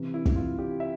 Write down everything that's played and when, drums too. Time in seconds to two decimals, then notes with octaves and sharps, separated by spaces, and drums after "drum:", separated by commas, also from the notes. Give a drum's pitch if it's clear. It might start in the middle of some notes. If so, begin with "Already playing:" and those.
Already playing: C3 E3
0.14 E4
0.26 drum: kick
0.36 F4
0.59 G4
0.80 E5